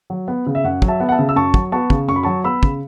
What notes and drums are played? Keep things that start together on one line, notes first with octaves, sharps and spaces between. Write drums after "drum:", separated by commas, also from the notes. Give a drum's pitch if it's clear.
F#3
B3
C#3
E5
F#2 F#5
F#3, drum: kick
E5 A5
B3
F#5
E5 A5
C#3
E6
F#2 A5 C#6
F#3, drum: kick
B3 A5 C#6
C#3, drum: kick
F#2 C#6
B5
F#3 A5 C#6
B3 B5 E6
C#3, drum: kick